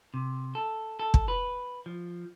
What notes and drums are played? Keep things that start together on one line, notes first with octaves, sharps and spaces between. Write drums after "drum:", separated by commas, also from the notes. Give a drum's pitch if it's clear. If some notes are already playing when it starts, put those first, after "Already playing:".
C3
A4
A4
drum: kick
B4
F3